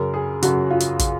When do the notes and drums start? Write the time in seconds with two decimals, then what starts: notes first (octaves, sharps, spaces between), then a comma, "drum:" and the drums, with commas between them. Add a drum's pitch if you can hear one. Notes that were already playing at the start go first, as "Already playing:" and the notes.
Already playing: F#2 C#3 A#4
0.14 G#4
0.42 F#2 C#3 F#4, drum: hi-hat
0.71 F4
0.80 drum: hi-hat
0.99 drum: kick, hi-hat